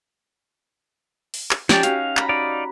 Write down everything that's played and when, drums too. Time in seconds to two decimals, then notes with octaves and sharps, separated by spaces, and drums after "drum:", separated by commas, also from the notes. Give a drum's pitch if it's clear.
1.34 drum: open hi-hat
1.51 drum: clap
1.69 F3 C#4 D#4 G4 D5 A5, drum: snare
1.83 C#4 F#4 F5, drum: hi-hat
2.17 A#5 B5, drum: clap
2.29 D#4 D5 F5